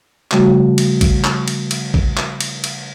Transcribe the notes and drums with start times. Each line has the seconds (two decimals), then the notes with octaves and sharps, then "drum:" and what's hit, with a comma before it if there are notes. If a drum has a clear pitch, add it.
0.31 C#3 F3 G3 A3 F#4, drum: clap
0.78 drum: cymbal
1.01 drum: kick, cymbal
1.24 drum: clap
1.48 drum: cymbal
1.71 drum: cymbal
1.94 drum: kick
2.17 drum: clap
2.41 drum: cymbal
2.64 drum: cymbal